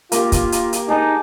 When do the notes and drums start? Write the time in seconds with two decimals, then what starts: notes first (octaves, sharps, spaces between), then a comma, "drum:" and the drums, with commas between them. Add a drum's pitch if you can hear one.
0.12 A#3 F4 G4, drum: hi-hat
0.32 drum: kick, hi-hat
0.52 drum: hi-hat
0.73 drum: hi-hat
0.89 D#4 G#4 A5 D6